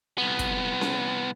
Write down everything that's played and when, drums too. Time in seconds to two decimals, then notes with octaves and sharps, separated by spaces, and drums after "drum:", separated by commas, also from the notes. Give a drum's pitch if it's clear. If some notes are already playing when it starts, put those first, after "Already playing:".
0.18 C2 B3
0.39 drum: kick, hi-hat
0.81 drum: snare C#4